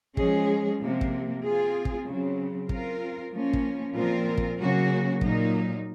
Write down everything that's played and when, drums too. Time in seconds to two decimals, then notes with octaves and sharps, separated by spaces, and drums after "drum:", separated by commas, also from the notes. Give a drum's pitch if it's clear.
0.17 F3 G#3 C#4 G#4, drum: kick
0.80 C3 F3 A#3
1.01 drum: kick
1.43 C4 F4 G#4
1.85 drum: kick
2.06 C#3 F#3 C4
2.69 C4 F4 A#4, drum: kick
3.32 F3 A#3 C#4
3.53 drum: kick
3.95 A#2 F3 C4 F4 A#4
4.37 drum: kick
4.59 C#3 F#3 A#3 C#4 F#4
5.21 A#2 F#3 A#3 D#4, drum: kick